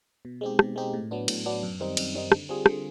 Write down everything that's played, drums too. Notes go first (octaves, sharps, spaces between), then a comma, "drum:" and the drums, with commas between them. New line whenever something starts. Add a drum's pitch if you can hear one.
B2
G#3 C4 D#4 G4
B2, drum: rim click
G#3 C4 D#4 G4
A2
F#3 B3 D4
A2, drum: cymbal
F#3 B3 D4
F#2
D#3 G3 C4 D#4
F#2, drum: cymbal
D#3 G3 C4 D#4
D3, drum: rim click
G3 C4 F4 G#4
D3, drum: rim click